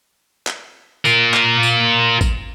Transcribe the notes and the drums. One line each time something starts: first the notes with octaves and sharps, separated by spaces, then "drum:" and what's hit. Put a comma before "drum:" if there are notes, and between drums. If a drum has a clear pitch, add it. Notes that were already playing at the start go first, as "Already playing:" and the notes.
drum: clap
F4 A#4, drum: tambourine
drum: clap
drum: tambourine
drum: kick, tambourine